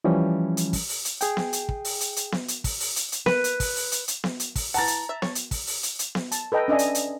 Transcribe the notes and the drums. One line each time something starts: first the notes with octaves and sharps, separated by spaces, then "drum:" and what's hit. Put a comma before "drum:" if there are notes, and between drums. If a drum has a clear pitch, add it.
E3 F3 G3 C#4
drum: hi-hat
drum: kick, open hi-hat
drum: open hi-hat
drum: hi-hat
G#4 G5, drum: hi-hat
drum: snare B3
drum: hi-hat
drum: kick
drum: open hi-hat
drum: hi-hat
drum: hi-hat
drum: snare B3
drum: hi-hat
drum: kick, open hi-hat
drum: open hi-hat
drum: hi-hat
drum: hi-hat
B4, drum: snare B3
drum: hi-hat
drum: kick, open hi-hat
drum: open hi-hat
drum: hi-hat
drum: hi-hat
drum: snare B3
drum: hi-hat
drum: kick, open hi-hat
E3 F#5 A5 A#5 A6, drum: open hi-hat
drum: hi-hat
E5
C#5, drum: snare B3
drum: hi-hat
drum: kick, open hi-hat
drum: open hi-hat
drum: hi-hat
drum: hi-hat
drum: snare B3
A5, drum: hi-hat
A4 B4 D#5 G5 A#5
C#4 D4 D#5 E5 G#5
drum: hi-hat
drum: hi-hat